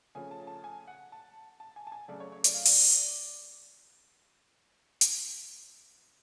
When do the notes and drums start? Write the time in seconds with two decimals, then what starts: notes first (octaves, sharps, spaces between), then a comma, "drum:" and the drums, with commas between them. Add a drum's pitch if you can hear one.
0.15 C#3 F3 A3 C#4 G#5
0.31 A5
0.47 A5
0.64 G#5
0.88 F#5
1.12 A5
1.60 A5
1.76 G#5
1.87 A5
1.92 G#5
2.08 C#3 F#3 A3 C#4 D5
2.20 C#5
2.32 C#5
2.44 D5, drum: hi-hat
2.54 F5
2.65 D5, drum: open hi-hat
5.01 drum: hi-hat